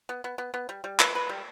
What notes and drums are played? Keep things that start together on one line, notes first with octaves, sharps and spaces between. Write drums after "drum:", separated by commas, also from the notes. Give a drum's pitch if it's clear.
B3
B3
B3
B3
G3
G3
B4, drum: clap
B4
G3